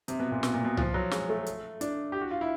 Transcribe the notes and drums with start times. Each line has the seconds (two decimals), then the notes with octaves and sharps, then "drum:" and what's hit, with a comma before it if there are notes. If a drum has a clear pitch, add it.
0.08 C3, drum: hi-hat
0.19 B2
0.31 A#2
0.43 B2, drum: snare
0.54 A#2
0.64 B2
0.77 F3, drum: tom C2
0.94 F#3
1.11 G#3, drum: snare
1.29 A3
1.46 drum: hi-hat
1.81 D4, drum: hi-hat
2.12 G4
2.21 F#4
2.31 F4
2.41 E4